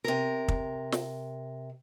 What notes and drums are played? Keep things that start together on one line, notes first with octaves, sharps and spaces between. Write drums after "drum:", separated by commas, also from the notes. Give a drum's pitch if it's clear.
C3 A#4
drum: kick
drum: snare